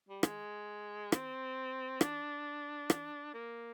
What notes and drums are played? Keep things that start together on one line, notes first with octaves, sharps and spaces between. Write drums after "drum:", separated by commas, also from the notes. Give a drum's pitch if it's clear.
G3
G#3, drum: rim click
C4, drum: rim click
D4, drum: rim click
drum: rim click
A#3